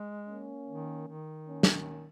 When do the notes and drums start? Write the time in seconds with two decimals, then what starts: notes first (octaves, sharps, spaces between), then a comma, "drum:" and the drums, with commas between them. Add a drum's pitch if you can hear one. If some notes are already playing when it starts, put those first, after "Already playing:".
Already playing: G#3
0.26 A#3 C#4
0.67 D#3
1.07 D#3
1.47 A#3 C#4
1.63 drum: snare